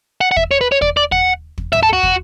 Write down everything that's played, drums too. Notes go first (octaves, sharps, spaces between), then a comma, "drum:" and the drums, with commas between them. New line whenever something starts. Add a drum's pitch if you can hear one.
F#5
F#5
E5, drum: kick
C#5
B4
C#5
D5, drum: kick
D5
F#5, drum: kick
drum: kick
E5, drum: tom
A4
F#4
drum: kick